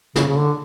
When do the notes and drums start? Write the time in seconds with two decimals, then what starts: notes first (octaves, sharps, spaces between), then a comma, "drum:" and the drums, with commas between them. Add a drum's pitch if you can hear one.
0.16 C#3, drum: snare
0.28 C#3
0.37 D3